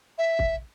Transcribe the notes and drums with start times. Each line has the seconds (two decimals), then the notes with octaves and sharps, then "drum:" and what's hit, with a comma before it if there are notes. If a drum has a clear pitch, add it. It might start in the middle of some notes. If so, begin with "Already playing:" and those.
0.18 E5
0.39 drum: kick